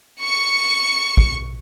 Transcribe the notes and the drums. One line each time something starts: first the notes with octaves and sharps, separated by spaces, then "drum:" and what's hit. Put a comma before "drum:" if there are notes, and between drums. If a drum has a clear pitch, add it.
C#6 C#7
drum: kick